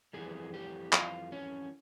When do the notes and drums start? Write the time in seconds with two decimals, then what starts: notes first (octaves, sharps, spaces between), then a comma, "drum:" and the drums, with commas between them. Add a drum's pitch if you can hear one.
0.13 F2 C3 E3 G3 G#4
0.54 G4
0.93 F4, drum: clap
1.32 C#4